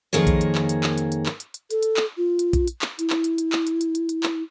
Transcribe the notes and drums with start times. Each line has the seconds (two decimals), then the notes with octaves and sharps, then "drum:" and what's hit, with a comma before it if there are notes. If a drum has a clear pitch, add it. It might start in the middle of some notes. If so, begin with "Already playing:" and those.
0.13 F2 D#3 A#3 G#4 C#5
0.27 drum: kick A#1, hi-hat
0.41 drum: hi-hat
0.55 drum: clap
0.69 drum: hi-hat
0.83 drum: clap
0.98 drum: hi-hat
1.12 drum: hi-hat
1.26 drum: clap
1.40 drum: hi-hat
1.54 drum: hi-hat
1.71 A4, drum: hi-hat
1.83 drum: hi-hat
1.97 drum: clap
2.17 F4
2.39 drum: hi-hat
2.53 drum: kick A#1, hi-hat
2.68 drum: hi-hat
2.82 drum: clap
2.99 E4, drum: hi-hat
3.10 drum: clap
3.24 drum: hi-hat
3.38 drum: hi-hat
3.52 drum: clap
3.67 drum: hi-hat
3.81 drum: hi-hat
3.95 drum: hi-hat
4.09 drum: hi-hat
4.23 drum: clap